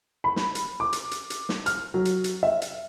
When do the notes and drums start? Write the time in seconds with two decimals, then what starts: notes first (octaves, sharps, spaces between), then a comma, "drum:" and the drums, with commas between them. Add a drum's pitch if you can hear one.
0.24 B5
0.36 drum: snare
0.55 drum: hi-hat
0.80 D6
0.93 drum: hi-hat
1.11 drum: hi-hat
1.30 drum: hi-hat
1.49 drum: snare
1.66 F6, drum: hi-hat
1.94 F#3
2.05 drum: hi-hat
2.24 drum: hi-hat
2.43 E5
2.62 drum: hi-hat